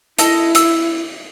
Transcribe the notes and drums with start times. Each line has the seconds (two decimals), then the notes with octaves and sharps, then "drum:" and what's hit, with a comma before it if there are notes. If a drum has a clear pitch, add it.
0.18 E4 A4 D#5, drum: hi-hat
0.55 E6, drum: hi-hat